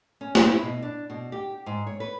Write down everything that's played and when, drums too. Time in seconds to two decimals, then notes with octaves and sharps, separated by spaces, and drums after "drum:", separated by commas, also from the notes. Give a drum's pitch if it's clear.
0.21 C#4
0.35 drum: snare
0.48 E4
0.63 B2
0.82 D4
1.10 B2
1.32 G4
1.66 G#2
1.87 C#5
2.00 B4